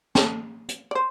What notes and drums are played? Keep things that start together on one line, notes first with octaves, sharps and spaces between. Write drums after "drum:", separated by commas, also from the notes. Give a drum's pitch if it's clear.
A4, drum: snare
drum: hi-hat
D5
C5